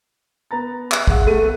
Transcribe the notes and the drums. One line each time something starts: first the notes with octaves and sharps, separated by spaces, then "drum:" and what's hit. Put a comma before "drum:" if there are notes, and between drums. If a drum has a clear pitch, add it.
B3 A#5 A6
E5 F#6, drum: clap
G#4 F5 F#5, drum: kick
A3 D#7
B3